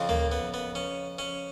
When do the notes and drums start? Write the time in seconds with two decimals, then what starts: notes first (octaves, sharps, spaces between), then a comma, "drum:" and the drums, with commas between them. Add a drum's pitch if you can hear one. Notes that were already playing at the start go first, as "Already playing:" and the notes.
Already playing: F2 C#3 F3
0.09 A#3, drum: tom D2
0.32 B3
0.54 B3
0.75 C#4
1.19 C#4